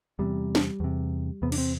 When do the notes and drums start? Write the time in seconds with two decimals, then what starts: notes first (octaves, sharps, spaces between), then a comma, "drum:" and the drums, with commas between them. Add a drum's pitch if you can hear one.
0.19 E2 C3 G3
0.55 drum: snare
0.80 E2 C3
1.42 E2 C3 B3
1.52 D4, drum: cymbal
1.58 C4